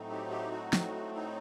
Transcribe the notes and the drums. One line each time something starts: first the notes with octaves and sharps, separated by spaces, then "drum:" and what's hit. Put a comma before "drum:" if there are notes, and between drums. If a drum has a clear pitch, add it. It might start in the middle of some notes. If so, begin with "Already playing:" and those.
Already playing: A2 F#3 A3 C4 D#4
G4
G4
F#4
F#4, drum: snare
D#4